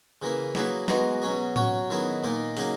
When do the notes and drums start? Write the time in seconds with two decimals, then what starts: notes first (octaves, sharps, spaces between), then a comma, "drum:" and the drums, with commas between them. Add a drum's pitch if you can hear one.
0.22 C#3 E3 A#3 E4
0.55 F#3 A#3 E4 G#4 B4, drum: snare
0.88 E3 G#3 B3 F#4 A#4, drum: snare
1.22 B2 F#3 C#4 G#4
1.56 F#3 C#4 F#4 C#5, drum: tom A2
1.90 D#3 F#3 B3 E4 G#4
2.23 A#2 A#3 D#4 A#4
2.57 C#3 F#3 A#3 D#4 G#4, drum: open hi-hat